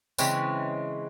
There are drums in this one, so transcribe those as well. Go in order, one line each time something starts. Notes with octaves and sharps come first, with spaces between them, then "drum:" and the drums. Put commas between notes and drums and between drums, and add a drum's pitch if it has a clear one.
C#3 E3 G#3 C4, drum: tambourine